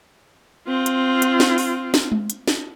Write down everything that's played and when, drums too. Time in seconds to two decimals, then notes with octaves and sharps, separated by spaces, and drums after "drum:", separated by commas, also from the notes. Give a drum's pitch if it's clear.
0.68 C4 F4
0.86 drum: hi-hat
1.22 drum: hi-hat
1.40 drum: snare
1.58 drum: open hi-hat
1.94 drum: snare
2.12 drum: tom G#3
2.30 drum: hi-hat
2.48 drum: snare